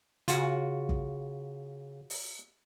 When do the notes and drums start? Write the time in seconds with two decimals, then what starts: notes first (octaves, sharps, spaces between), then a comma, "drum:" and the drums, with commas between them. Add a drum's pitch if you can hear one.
0.28 C#3 F4 F#4, drum: hi-hat
0.89 drum: kick
2.10 drum: open hi-hat